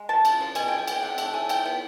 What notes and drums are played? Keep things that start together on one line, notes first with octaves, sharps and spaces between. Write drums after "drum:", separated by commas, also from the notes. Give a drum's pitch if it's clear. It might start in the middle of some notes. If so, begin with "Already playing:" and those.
Already playing: G#3
F3 A5
C#3, drum: cymbal
F3
B2 G#5, drum: cymbal
F#3 G5
G#5
B3 G5, drum: cymbal
C3 F#5
A3 G5, drum: cymbal
A3 G#5
F3 G5, drum: cymbal
B3